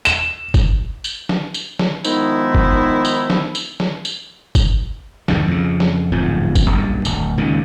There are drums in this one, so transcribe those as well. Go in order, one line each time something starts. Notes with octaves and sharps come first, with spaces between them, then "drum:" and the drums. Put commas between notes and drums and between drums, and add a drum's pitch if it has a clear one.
E7, drum: tambourine
drum: kick F#1, tambourine
drum: tambourine
drum: snare
drum: tambourine
drum: snare
D#3 F3 G#3 B3 D#4 E4, drum: tambourine
drum: kick F#1
drum: tambourine
drum: snare
drum: tambourine
drum: snare
drum: tambourine
drum: kick F#1, tambourine
B1 E2 G#2 D#3, drum: snare
F2 C#3
drum: snare
D1 F2 G#2 F3
drum: kick F#1, tambourine
B1 G2 A#2
D1, drum: tambourine
C#2 A#2 D#3